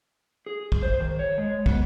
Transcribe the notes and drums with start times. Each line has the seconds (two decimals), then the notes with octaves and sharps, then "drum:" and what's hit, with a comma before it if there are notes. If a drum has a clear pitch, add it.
0.46 G#4
0.72 drum: kick
0.82 C5
1.00 D#3
1.19 C#5
1.38 G#3
1.66 B3, drum: kick